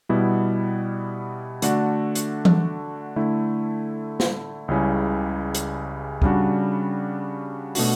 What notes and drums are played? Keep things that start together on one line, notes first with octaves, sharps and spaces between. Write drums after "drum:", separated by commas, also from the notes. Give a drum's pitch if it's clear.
B2 G3 B3 E4
D3 A3 D4 F#4, drum: hi-hat
drum: hi-hat
drum: tom E3
D3 A3 E4
drum: snare
C#2 C#3 G3 C#4 E4
drum: hi-hat
C#3 G3 D4 F#4, drum: kick
B2 A3 D4 F#4, drum: open hi-hat